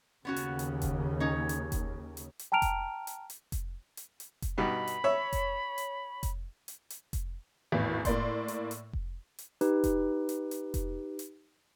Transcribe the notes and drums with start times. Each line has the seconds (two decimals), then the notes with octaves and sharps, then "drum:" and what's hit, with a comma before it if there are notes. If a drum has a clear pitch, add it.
0.25 D#2 C#3 B3 C#4 F#4
0.36 drum: hi-hat
0.59 drum: hi-hat
0.82 drum: kick F1, hi-hat
1.20 C#4 D#4 C#5
1.49 drum: hi-hat
1.72 drum: kick F1, hi-hat
2.17 drum: hi-hat
2.39 drum: hi-hat
2.52 G5 A5 A#5 F6 D7 F7
2.62 drum: kick F1, hi-hat
3.07 drum: hi-hat
3.30 drum: hi-hat
3.52 drum: kick F1, hi-hat
3.97 drum: hi-hat
4.20 drum: hi-hat
4.42 drum: kick F1, hi-hat
4.58 G2 B2 D#4 B5
4.87 drum: hi-hat
5.04 C#5 E5
5.33 drum: kick F1, hi-hat
5.78 drum: hi-hat
6.23 drum: kick F1, hi-hat
6.68 drum: hi-hat
6.90 drum: hi-hat
7.13 drum: kick F1, hi-hat
7.72 G#1 E2 A2 E3
8.05 A2 A#3 D5 C6, drum: kick F1, hi-hat
8.48 drum: hi-hat
8.71 drum: hi-hat
8.93 drum: kick F1
9.39 drum: hi-hat
9.61 D#4 G4 B4, drum: hi-hat
9.84 drum: kick F1, hi-hat
10.29 drum: hi-hat
10.51 drum: hi-hat
10.74 drum: kick F1, hi-hat
11.19 drum: hi-hat